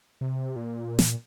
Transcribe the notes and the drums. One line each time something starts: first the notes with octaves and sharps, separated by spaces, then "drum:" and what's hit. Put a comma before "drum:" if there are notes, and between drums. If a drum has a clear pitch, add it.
C3
A#2
drum: snare